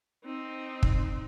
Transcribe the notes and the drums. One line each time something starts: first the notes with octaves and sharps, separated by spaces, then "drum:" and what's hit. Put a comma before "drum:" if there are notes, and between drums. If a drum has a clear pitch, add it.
C4 D#4
drum: kick